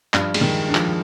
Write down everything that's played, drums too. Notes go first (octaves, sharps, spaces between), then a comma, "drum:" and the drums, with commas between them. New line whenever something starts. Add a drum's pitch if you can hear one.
G2 F3, drum: clap
G#3, drum: cymbal
D#3
D4
F3, drum: clap